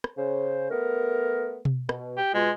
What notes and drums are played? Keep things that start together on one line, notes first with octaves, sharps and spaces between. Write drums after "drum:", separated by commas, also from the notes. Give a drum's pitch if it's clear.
drum: rim click
C#3 C5
A3 B3 A#4
drum: tom B2
B2, drum: rim click
G4
B2 G#3 F4